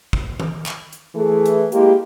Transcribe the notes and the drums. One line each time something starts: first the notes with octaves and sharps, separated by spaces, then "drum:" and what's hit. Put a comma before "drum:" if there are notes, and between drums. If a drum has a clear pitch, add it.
drum: kick
drum: tom D#3
drum: clap
drum: hi-hat
E3 A3 G#4
drum: hi-hat
G#3 A#3 E4 G4, drum: hi-hat